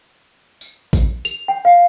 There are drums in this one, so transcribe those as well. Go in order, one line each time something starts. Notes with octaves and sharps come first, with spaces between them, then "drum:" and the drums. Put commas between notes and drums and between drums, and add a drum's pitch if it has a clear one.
drum: tambourine
drum: kick, tambourine
F7, drum: tambourine
G5
F5